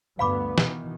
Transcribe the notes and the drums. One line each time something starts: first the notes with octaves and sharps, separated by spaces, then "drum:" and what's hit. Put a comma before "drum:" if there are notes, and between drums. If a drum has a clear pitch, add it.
D2 G2 B3 B4 F5 B5 D6
B2 D#3 E3, drum: snare